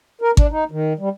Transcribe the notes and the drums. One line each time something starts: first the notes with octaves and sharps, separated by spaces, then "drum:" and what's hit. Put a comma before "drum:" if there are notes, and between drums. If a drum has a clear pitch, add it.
A#4
D4, drum: kick G#1
D#4
D#3
G3